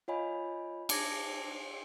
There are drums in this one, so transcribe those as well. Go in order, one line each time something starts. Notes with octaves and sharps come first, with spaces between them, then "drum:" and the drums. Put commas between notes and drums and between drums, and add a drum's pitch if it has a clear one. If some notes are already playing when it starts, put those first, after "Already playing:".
F4 C#5 D#5 F5 G#5 B5
A5 D6 G#6 A#6, drum: cymbal